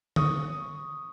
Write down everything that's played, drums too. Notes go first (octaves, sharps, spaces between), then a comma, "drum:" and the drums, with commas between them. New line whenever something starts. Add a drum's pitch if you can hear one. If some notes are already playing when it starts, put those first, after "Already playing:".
C#6 D#6, drum: tom D3